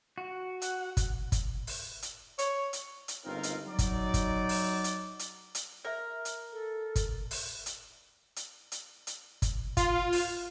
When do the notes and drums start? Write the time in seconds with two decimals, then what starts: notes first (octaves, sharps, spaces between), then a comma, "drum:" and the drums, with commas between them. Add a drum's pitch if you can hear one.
0.18 F#4
0.62 F#5, drum: hi-hat
0.97 drum: kick G1, hi-hat
1.32 drum: kick G1, hi-hat
1.67 drum: open hi-hat
2.02 drum: hi-hat
2.38 C#5, drum: hi-hat
2.73 drum: hi-hat
3.08 drum: hi-hat
3.25 G1 C#2 C4 D#4 F4 A#4
3.43 drum: hi-hat
3.66 F#3 D#4 D5
3.79 drum: kick G1, hi-hat
4.14 drum: kick G1, hi-hat
4.49 drum: open hi-hat
4.84 drum: hi-hat
5.19 drum: hi-hat
5.55 drum: hi-hat
5.85 A#4 D5 E5
6.25 drum: hi-hat
6.53 A4
6.96 drum: kick G1, hi-hat
7.31 drum: open hi-hat
7.66 drum: hi-hat
8.36 drum: hi-hat
8.72 drum: hi-hat
9.07 drum: hi-hat
9.42 drum: kick G1, hi-hat
9.77 F4, drum: kick G1, hi-hat
10.12 drum: open hi-hat